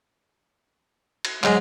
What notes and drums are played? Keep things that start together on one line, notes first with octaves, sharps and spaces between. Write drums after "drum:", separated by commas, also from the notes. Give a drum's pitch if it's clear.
drum: cymbal
G#2 F#3 G#3, drum: clap